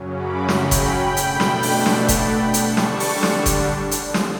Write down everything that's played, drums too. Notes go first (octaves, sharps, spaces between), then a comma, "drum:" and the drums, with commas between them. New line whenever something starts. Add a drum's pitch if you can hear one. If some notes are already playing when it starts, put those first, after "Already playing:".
Already playing: F#2 C#3 F#3 C#4
B5 D6
G5 B5, drum: snare
drum: kick F#1, hi-hat
B2 A3 D4, drum: hi-hat
drum: snare
drum: open hi-hat
F#5 A5, drum: snare
drum: kick F#1, hi-hat
G5 B5
D3 G3 D4 A5 C#6, drum: hi-hat
drum: snare
drum: open hi-hat
drum: snare
drum: kick F#1, hi-hat
drum: hi-hat
drum: snare